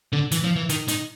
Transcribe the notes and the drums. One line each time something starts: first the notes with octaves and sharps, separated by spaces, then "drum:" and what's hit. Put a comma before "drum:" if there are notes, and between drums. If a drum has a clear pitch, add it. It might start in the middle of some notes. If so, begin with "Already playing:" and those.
D3
E3, drum: hi-hat
F3
E3
D#3, drum: hi-hat
D#3, drum: hi-hat